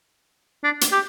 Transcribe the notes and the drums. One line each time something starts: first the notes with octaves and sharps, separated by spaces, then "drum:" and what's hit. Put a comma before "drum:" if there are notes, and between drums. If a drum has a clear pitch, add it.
D4
drum: hi-hat
G4